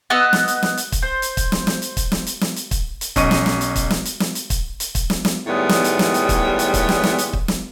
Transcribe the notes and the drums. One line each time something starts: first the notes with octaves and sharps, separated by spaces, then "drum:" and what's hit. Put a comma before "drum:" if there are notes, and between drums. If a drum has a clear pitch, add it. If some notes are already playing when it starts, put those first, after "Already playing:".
B3 D#5 F#5 E6
drum: snare
drum: hi-hat
drum: snare
drum: hi-hat
drum: kick, hi-hat
C5
drum: hi-hat
drum: kick, hi-hat
drum: snare
drum: snare
drum: hi-hat
drum: kick, hi-hat
drum: snare
drum: hi-hat
drum: snare
drum: hi-hat
drum: kick, hi-hat
drum: hi-hat
B1 C#4 D#5 C#6 D#7, drum: kick, hi-hat
drum: snare
drum: snare
drum: hi-hat
drum: kick, hi-hat
drum: snare
drum: hi-hat
drum: snare
drum: hi-hat
drum: kick, hi-hat
drum: hi-hat
drum: kick, hi-hat
drum: snare
drum: snare
A2 D#3 G3 G#3 B3 C#5
drum: snare
drum: hi-hat
drum: snare
drum: hi-hat
drum: kick, hi-hat
drum: hi-hat
drum: kick, hi-hat
drum: snare
drum: snare
drum: hi-hat
drum: kick
drum: snare